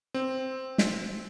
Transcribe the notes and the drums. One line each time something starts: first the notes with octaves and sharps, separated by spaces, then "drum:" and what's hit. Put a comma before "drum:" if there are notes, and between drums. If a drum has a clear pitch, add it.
C4
drum: snare